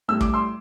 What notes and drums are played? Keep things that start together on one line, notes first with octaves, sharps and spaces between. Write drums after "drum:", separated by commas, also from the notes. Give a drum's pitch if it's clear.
A2 G3 E6
D6, drum: kick
C6 E6